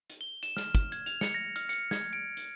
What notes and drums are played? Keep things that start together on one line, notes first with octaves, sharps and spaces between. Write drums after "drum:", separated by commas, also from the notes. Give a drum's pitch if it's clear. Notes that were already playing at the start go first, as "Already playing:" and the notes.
drum: hi-hat
G7
E7, drum: hi-hat
F6, drum: snare
drum: kick, hi-hat
G#6, drum: hi-hat
F7, drum: hi-hat
C#7, drum: snare
A#6
F6, drum: hi-hat
C#7, drum: hi-hat
G#6, drum: snare
D7
drum: hi-hat